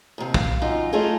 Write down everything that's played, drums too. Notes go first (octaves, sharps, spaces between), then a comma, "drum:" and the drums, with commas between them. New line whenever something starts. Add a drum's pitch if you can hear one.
D#2 C3
F5, drum: kick
F#2 D#4 F4
A3 D#4 F4 G#4 A4